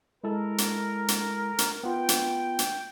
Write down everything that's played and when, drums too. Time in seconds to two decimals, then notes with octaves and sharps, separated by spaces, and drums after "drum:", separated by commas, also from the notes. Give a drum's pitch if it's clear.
0.24 G#3 E4 A4 A#4
0.58 drum: hi-hat
1.08 drum: hi-hat
1.58 drum: hi-hat
1.84 B3 F4 G5
2.09 drum: hi-hat
2.59 drum: hi-hat